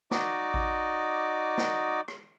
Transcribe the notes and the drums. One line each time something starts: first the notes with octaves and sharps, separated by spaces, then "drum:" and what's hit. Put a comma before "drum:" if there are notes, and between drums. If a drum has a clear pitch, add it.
D#4 F#4 D5 D#5 D6, drum: snare
drum: kick A1
drum: snare
drum: rim click